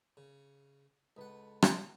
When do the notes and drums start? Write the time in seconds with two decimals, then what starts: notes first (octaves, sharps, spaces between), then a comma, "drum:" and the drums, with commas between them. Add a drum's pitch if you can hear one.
0.17 C#3
1.17 C#2 A4 B4 D#5 F#5
1.62 drum: rim click